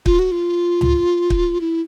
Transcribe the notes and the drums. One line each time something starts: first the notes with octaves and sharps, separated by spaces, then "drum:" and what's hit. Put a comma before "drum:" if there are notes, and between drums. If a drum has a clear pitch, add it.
F4, drum: kick
F#4
F4
drum: tom C#2
drum: kick
E4